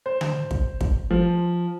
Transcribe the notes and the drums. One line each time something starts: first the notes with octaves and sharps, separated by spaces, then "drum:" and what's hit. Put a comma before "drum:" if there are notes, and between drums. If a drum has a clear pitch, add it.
C5
drum: tom D3
drum: kick
drum: kick
F3